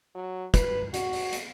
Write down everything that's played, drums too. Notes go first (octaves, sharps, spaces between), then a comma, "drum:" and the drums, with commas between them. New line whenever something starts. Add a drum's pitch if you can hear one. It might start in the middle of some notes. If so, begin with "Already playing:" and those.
F#3
B4, drum: kick, hi-hat
F#4, drum: hi-hat
drum: open hi-hat
drum: hi-hat